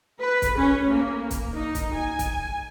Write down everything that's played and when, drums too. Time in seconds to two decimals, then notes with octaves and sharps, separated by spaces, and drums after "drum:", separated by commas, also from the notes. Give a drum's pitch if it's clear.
0.20 B4
0.42 drum: kick, hi-hat
0.58 C#4
0.90 A#3
1.30 drum: kick, hi-hat
1.55 D#4
1.75 drum: kick, hi-hat
1.95 G#5
2.19 drum: kick, hi-hat